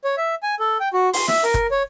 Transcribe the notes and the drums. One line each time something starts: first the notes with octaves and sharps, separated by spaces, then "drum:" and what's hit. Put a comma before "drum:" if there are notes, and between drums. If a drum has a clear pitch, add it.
C#5
E5
G#5
A4
G5
F#4
C6, drum: open hi-hat
E5, drum: snare
A#4, drum: hi-hat
drum: kick, hi-hat
C#5